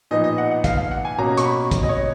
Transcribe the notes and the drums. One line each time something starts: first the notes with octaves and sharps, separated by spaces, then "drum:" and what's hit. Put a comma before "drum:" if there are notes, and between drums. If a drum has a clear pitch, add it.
A#2 F3 B3 D#4 D#5
D#5
F#5
F#5
F5, drum: kick, hi-hat
F5
F#5
G#5
B2 A#3 C#4 A#5
C#6, drum: hi-hat
B5
drum: kick, hi-hat
D#5
C#5